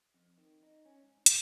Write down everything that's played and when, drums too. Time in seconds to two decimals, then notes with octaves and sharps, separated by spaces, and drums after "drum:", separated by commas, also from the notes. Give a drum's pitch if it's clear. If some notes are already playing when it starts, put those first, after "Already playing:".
0.14 F2
0.38 D#3
0.63 D#4
0.85 C#4
1.03 G#2
1.26 F#4, drum: hi-hat